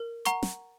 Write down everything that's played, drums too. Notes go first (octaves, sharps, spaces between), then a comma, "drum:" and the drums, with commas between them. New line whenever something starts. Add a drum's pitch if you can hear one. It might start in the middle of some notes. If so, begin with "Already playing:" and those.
Already playing: A#4
F#5 A#5 C#6, drum: hi-hat
drum: snare